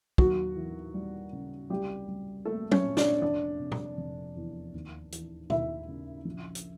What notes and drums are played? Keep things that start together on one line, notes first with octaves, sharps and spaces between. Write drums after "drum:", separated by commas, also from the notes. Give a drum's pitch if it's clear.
D#2 F#3 F#4, drum: kick
E3
G3
C#3
C2 G3 G4
G3
A3 A#3 A4
C#4 C#5, drum: tom F#3
A#2
D4 D5, drum: snare
F1 D4 D5
C3
drum: tom
F1
E2
D#2
E3, drum: hi-hat
D#2 E4 E5, drum: tom
C#3
A#1
drum: hi-hat